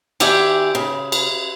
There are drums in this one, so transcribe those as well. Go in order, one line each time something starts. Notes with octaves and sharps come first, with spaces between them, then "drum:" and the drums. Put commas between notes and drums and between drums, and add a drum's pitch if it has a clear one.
D#3 G4 D5 E5 G5 G#5, drum: cymbal
C#3
drum: cymbal